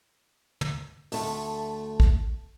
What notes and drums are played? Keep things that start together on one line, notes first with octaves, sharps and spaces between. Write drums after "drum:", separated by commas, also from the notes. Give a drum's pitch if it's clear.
drum: tom
D2 A3, drum: open hi-hat
drum: kick